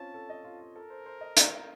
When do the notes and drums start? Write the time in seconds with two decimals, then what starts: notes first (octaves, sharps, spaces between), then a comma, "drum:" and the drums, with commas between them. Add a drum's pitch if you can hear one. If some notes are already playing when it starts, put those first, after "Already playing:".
Already playing: C4 C#4 F4 A5
0.14 A4
0.30 D#5
0.44 F4
0.60 F4
0.75 A4 A#4
0.90 C5
1.06 C5
1.21 D#5
1.37 F5, drum: hi-hat